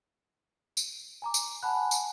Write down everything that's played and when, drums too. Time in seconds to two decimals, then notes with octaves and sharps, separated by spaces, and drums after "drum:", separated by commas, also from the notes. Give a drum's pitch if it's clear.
0.77 drum: tambourine
1.22 G#5 A#5 D6
1.34 drum: tambourine
1.63 F#5 G#5 A5 B5 F#6
1.91 drum: tambourine